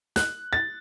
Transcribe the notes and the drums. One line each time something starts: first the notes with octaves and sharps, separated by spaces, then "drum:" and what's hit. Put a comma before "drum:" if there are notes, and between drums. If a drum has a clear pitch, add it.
F#6, drum: snare
A6